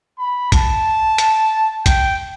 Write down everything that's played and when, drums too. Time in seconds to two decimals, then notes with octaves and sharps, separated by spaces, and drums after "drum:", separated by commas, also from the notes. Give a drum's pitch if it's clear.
0.18 B5
0.52 A5, drum: kick, hi-hat
1.18 drum: hi-hat
1.86 G5, drum: kick, hi-hat